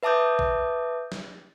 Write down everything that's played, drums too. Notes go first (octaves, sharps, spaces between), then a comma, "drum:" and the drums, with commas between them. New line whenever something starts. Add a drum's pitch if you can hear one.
B4 E5 A5 D6 D#6 G6
drum: kick A#1
drum: snare